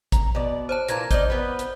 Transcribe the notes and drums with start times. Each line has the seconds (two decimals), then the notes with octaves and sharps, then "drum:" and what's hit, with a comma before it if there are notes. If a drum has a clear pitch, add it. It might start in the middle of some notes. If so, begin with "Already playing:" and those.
0.12 A#5, drum: kick, hi-hat
0.35 B2 D5
0.69 C5 C#5 A5
0.88 A#2 E3 A#3 A#5 G#6 A#6, drum: hi-hat
1.11 D#4 C5 D5 G6 G7, drum: kick, hi-hat
1.30 B3 B4
1.59 drum: hi-hat